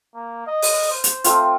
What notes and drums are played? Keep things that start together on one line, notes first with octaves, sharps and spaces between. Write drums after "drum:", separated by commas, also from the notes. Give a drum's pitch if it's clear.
A#3
D#5
drum: open hi-hat
C5
drum: hi-hat
A3 C4 F4, drum: hi-hat